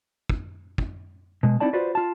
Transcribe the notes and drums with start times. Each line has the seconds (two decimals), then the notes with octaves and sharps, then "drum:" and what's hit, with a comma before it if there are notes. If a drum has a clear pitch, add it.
0.29 drum: kick
0.78 drum: kick
1.43 B2 G#3
1.60 C4 D#4 E4 D5 A5
1.73 F4 F#4 B4 C5 D5
1.95 F4 A5